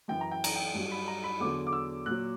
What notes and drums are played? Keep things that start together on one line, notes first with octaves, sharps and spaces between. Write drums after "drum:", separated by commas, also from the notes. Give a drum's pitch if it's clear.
F#2 E3 G5
A#5
G5
A#5, drum: cymbal
G5
G2 F#3
B5
A#5
B5
E2 D3 F#3 D6
D6
E6
A#2 F#3 F#6